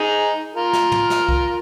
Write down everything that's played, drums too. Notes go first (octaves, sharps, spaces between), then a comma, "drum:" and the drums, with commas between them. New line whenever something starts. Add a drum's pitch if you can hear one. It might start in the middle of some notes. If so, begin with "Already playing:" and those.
Already playing: D#4 G#4
F4 A#4
drum: snare
drum: tom
drum: snare
drum: kick B1